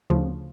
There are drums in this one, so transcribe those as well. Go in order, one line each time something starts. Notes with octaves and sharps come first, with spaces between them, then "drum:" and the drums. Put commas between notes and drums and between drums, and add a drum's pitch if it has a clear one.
D2 C#3 F3, drum: tom